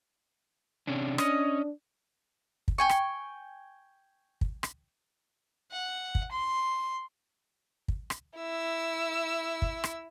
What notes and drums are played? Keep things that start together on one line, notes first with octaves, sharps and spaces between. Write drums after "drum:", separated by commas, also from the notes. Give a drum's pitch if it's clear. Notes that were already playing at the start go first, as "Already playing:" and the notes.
C3 C#4 D4
C#4 D4 D#5, drum: rim click
drum: kick
G5 G#5 C#6
drum: rim click
drum: kick
drum: rim click
F#5
drum: kick
C6
drum: kick
drum: rim click
E4 E6
drum: kick
drum: rim click